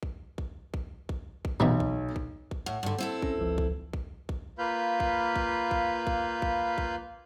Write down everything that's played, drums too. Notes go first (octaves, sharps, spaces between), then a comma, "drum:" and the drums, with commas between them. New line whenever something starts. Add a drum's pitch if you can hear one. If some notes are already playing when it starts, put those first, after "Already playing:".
drum: kick
drum: kick
drum: kick
drum: kick
drum: kick
B1 B2 E3 F#3
drum: kick
drum: kick
drum: kick
A2 F#5
G2 D3
C4 E4 A4
C#4, drum: kick
G1 C#2 F3
drum: kick
drum: kick
drum: kick
A#3 F4 B4 F5 B5 G6
drum: kick
drum: kick
drum: kick
drum: kick
drum: kick
drum: kick